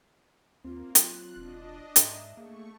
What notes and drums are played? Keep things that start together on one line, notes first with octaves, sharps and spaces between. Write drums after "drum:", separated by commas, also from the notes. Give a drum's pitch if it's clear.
D#2 A#3 C4 F4
F#3 F4 F#6, drum: hi-hat
E1 D4 D#5
G#2 E5 A#5, drum: hi-hat
A3 A#3 G#4 C#6